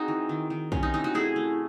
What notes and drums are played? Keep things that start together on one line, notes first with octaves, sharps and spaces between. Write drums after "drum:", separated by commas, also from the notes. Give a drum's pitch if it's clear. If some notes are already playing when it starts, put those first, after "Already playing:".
Already playing: C4 D#4 F#4 G#4
E3
D#3
D#3
C3 C#4, drum: kick
D#4
E3 D#4
D#4 F#4
A3 E4 G#4
A3